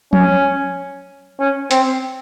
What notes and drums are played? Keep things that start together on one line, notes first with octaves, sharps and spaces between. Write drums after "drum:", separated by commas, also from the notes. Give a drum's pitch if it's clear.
C#4, drum: tom F3
C#4
C4, drum: hi-hat